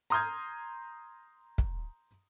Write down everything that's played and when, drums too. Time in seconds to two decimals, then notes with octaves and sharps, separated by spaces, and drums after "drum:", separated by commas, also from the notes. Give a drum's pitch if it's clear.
0.10 A#5 C6 D#6 F6 G6 G#6
1.58 drum: kick